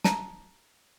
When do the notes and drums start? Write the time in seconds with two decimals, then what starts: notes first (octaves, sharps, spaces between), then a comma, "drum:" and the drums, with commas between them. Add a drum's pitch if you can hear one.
0.04 A5 A#5, drum: snare